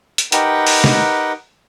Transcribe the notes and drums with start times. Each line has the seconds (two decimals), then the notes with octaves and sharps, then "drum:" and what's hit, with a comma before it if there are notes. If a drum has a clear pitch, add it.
0.18 drum: hi-hat
0.32 D#4 G4 A#4 B4 F#5 G5, drum: hi-hat
0.67 drum: open hi-hat
0.84 drum: snare